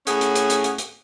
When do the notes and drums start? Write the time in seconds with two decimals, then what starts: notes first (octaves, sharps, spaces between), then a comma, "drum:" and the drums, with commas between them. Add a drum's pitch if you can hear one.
0.07 A2 C#4 G#4 F#5, drum: hi-hat
0.21 drum: hi-hat
0.35 drum: hi-hat
0.50 drum: hi-hat
0.64 drum: hi-hat
0.78 drum: hi-hat